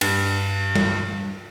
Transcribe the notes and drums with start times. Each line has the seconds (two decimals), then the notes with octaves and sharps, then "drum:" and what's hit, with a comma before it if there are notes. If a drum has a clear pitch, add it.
0.01 G2, drum: cymbal
0.76 drum: tom G3